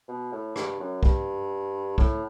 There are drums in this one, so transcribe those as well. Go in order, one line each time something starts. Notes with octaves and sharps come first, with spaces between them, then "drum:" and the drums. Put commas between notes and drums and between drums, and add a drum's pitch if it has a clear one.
B2
A2
G2, drum: rim click
F#2
G2, drum: kick
A2, drum: kick